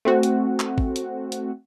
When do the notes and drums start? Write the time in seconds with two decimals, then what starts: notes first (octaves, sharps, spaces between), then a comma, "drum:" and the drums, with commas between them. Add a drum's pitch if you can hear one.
0.05 A3 C4 F#4
0.23 drum: hi-hat
0.60 drum: clap
0.78 drum: kick A1
0.96 drum: hi-hat
1.32 drum: hi-hat